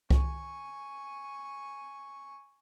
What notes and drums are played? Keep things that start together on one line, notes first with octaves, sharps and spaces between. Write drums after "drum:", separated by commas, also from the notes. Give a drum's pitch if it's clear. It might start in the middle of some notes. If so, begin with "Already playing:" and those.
G#5 C#6, drum: kick C2